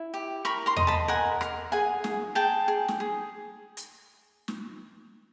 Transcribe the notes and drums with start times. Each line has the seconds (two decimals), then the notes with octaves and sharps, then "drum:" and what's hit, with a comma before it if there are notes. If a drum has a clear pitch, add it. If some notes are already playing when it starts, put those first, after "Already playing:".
Already playing: E4
0.14 G4
0.45 A#4 B5 C#6
0.66 A#5 C6
0.76 D#5, drum: tom E2
0.87 A5 B5
1.08 A#4 F#5 G#5
1.41 A#4, drum: rim click
1.72 G#4 F#5 G#5
2.04 G#4, drum: snare
2.35 G#4 G5 A5
2.68 G#4
2.88 drum: snare
3.00 G#4
3.77 drum: hi-hat
4.48 drum: snare